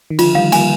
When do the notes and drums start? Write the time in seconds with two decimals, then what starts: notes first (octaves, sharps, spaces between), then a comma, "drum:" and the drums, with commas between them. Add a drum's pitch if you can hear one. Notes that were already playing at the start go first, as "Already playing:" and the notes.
0.10 D#3
0.19 D3 F3 F4, drum: cymbal
0.35 D#3 G3 F5
0.52 G3 A#3 G#5, drum: cymbal